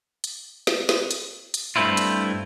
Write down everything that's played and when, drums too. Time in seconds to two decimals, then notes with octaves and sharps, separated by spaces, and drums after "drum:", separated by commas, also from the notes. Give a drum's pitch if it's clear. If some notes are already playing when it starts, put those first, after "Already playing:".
0.24 drum: hi-hat
0.67 drum: snare
0.89 drum: snare
1.11 drum: hi-hat
1.54 drum: hi-hat
1.76 G2 A3 C4 E4 F4
1.97 drum: hi-hat